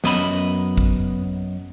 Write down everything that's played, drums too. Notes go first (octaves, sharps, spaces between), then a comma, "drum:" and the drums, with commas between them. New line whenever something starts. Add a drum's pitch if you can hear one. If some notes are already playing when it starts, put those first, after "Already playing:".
F#2 B3 D#5 B5, drum: snare
drum: kick